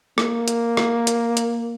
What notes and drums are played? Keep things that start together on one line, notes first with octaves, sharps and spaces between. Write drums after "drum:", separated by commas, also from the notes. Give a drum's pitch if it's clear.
A#3, drum: rim click
drum: hi-hat
drum: rim click
drum: hi-hat
drum: hi-hat